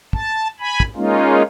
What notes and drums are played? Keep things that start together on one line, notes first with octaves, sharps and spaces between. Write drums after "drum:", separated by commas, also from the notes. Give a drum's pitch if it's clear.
A5, drum: kick
G#5 B5
drum: kick
G#3 A#3 C#4 D#4 F4